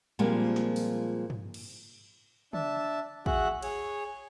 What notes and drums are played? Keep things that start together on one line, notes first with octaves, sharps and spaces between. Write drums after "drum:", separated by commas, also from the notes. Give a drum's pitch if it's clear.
A#2 F3 G3 G#3 A#3 C4
drum: snare
drum: open hi-hat
drum: tom
drum: cymbal
D4 E5 A5, drum: tom
F#4 G#4 E5 F#5 F#6, drum: kick
G#4 C#5, drum: cymbal